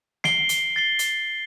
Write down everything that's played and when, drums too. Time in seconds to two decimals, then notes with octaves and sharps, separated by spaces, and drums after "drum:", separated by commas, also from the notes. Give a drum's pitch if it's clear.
0.24 C7 D7 G7, drum: snare
0.49 drum: hi-hat
0.76 A6 C7 G7
0.99 drum: hi-hat